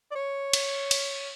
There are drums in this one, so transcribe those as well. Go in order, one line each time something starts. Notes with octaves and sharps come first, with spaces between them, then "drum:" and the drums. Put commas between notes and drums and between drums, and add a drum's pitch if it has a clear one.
D5
C#5
drum: cymbal
drum: cymbal